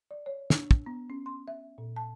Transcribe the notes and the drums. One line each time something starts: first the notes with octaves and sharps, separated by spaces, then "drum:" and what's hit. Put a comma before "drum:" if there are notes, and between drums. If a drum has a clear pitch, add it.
D5
C#5
D4, drum: snare
drum: kick
B3
C#4
C6
E5
A#2
A5